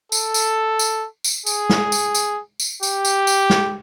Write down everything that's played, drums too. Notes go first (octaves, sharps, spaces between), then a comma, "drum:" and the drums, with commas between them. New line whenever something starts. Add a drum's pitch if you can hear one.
A4, drum: tambourine
drum: tambourine
drum: tambourine
drum: tambourine
G#4, drum: tambourine
drum: snare
drum: tambourine
drum: tambourine
drum: tambourine
G4, drum: tambourine
drum: tambourine
drum: tambourine
drum: snare